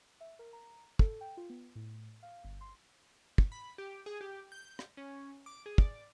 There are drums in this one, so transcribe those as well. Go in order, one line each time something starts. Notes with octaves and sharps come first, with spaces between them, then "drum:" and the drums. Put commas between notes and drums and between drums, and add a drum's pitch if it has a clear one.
E5
A#4
A#5
A4, drum: kick
G5
F4
B3
A2
F5
G1
C6
drum: kick
B5
G4
G#4
G4
G6
drum: rim click
C#4
D6
G#4
D5, drum: kick